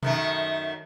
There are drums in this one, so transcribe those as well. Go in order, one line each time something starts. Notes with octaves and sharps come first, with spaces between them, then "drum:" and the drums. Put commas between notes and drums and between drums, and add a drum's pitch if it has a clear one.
F#2 D#3 A3, drum: tom B2